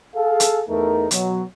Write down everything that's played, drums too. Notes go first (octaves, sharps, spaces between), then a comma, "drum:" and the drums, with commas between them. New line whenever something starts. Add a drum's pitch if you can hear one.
G#4 A4 F5
drum: hi-hat
E2 A3 D#4 A#4
B2 F#3, drum: hi-hat